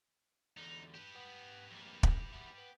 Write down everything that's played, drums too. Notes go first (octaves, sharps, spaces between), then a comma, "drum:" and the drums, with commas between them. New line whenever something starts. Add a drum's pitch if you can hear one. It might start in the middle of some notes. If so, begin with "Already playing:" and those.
E2 D3 D#4
G4 B4
B3
F2 A#3
drum: kick
B3 E4
B3